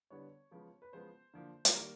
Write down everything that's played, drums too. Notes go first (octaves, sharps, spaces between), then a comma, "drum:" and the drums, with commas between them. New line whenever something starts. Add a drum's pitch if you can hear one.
D3 G3 B3 C#5
C#3 F3 G#3 B3
B4
C#3 F3 G#3 B3 C5
D3 F3 A#3
drum: hi-hat
D#3 G3 A#3 A#4